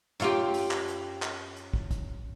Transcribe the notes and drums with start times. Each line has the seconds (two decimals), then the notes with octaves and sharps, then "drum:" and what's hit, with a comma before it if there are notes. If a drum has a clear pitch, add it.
0.20 F#2 F4 G4, drum: hi-hat
0.54 drum: open hi-hat
0.71 drum: clap
0.88 drum: hi-hat
1.22 drum: clap
1.56 drum: hi-hat
1.74 drum: kick
1.91 drum: kick, hi-hat